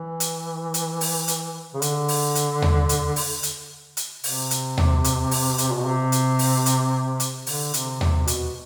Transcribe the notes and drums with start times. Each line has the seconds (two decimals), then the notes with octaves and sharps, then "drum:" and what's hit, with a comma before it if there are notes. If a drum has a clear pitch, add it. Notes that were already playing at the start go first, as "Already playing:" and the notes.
Already playing: E3
0.20 drum: hi-hat
0.74 drum: hi-hat
1.01 drum: open hi-hat
1.28 drum: hi-hat
1.74 C#3
1.82 D3, drum: hi-hat
2.08 drum: open hi-hat
2.35 drum: hi-hat
2.62 drum: tom D#2
2.89 drum: hi-hat
3.16 drum: open hi-hat
3.43 drum: hi-hat
3.97 drum: hi-hat
4.24 C3, drum: open hi-hat
4.51 drum: hi-hat
4.77 drum: tom D#2
5.04 drum: hi-hat
5.31 drum: open hi-hat
5.58 drum: hi-hat
5.72 B2
5.85 C3
6.12 drum: hi-hat
6.39 drum: open hi-hat
6.66 drum: hi-hat
7.20 drum: hi-hat
7.47 D3, drum: open hi-hat
7.74 C3, drum: hi-hat
8.01 C3, drum: tom D#2
8.27 B2, drum: hi-hat